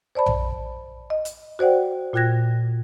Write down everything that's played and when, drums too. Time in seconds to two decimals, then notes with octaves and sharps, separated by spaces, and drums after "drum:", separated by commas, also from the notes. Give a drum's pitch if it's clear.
0.15 C5 D5 A5 B5
0.26 drum: tom A#1
1.10 D#5
1.25 drum: hi-hat
1.59 F#4 C5 D5 F#5 G5
2.13 A#2 F4 G5 F#6 G#6 A#6